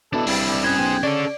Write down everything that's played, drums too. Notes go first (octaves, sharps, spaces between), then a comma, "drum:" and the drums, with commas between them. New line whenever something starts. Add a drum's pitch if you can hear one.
B2 D4 E4 A4
C2 G3, drum: open hi-hat
C#4 G#4 C5 G#6
B1 G5
C#3 C#4 D4 A4 D5 D7